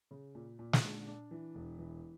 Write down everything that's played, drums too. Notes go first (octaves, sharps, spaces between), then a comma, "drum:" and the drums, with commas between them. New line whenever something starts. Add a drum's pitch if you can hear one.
C#3
A#2
A#2
drum: snare
D4
D4
E3
E1
E3